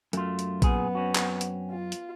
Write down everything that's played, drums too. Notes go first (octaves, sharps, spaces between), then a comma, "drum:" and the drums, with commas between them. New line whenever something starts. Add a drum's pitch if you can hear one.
F#2 A3 F4, drum: hi-hat
drum: hi-hat
A#2 B3 G#4, drum: kick A#1, hi-hat
C4 C#4 F#4
drum: clap
drum: hi-hat
F4
drum: hi-hat